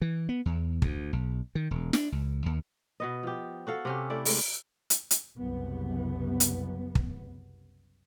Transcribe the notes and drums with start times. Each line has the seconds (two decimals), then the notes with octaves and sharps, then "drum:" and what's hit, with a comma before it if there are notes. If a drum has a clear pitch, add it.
0.02 E3
0.29 B3
0.46 E2
0.82 D2, drum: kick
1.13 B1
1.55 D#3
1.71 E1
1.93 D4, drum: snare
2.12 C#2
2.46 D#2
3.00 B2 B3 D#5
3.23 F3 G4
3.67 F#4 A4 F5 F#5
3.85 C3 C#4 G4
4.10 A3 E4 D5
4.25 G#3 A3, drum: open hi-hat
4.90 drum: hi-hat
5.11 drum: hi-hat
5.37 F#1 C2 F#2 B3
6.40 drum: hi-hat
6.95 drum: kick